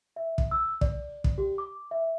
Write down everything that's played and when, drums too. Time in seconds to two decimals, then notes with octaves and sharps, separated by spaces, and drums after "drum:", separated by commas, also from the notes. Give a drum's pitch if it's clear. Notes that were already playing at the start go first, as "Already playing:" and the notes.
0.16 E5
0.38 drum: kick
0.51 E6
0.81 D5, drum: kick
1.24 drum: kick
1.38 G4
1.58 D6
1.91 E5